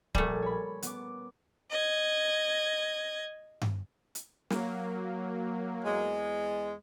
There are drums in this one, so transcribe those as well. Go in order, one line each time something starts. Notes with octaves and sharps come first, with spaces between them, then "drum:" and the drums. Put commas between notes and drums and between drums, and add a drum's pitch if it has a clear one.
A#1 G3 A3 G#5 A5, drum: kick C#1
C#5 B5
B3 D6, drum: hi-hat
D#5 G#6
drum: tom G2
drum: hi-hat
F#3 A#3, drum: snare
E2 G#3